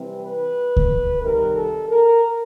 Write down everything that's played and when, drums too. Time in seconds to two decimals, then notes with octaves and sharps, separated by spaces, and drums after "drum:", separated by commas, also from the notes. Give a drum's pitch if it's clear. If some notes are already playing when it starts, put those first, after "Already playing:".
Already playing: C3 E3 G3 C4
0.22 B4
0.77 drum: kick C#2
1.21 C3 D#3 G3 A#4
1.55 A4
1.88 A#4